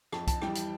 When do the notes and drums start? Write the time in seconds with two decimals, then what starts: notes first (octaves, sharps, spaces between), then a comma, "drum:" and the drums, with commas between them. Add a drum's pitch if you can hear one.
0.12 F2 A5, drum: rim click
0.27 A5, drum: kick, hi-hat
0.42 E3 G3 G5, drum: rim click
0.55 drum: hi-hat